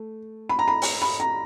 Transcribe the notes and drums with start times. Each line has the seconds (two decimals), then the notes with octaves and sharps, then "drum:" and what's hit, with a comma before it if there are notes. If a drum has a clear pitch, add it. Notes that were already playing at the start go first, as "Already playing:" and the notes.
Already playing: A3
0.49 B5
0.59 A#5
0.68 B5
0.82 drum: open hi-hat
1.02 B5
1.20 A#5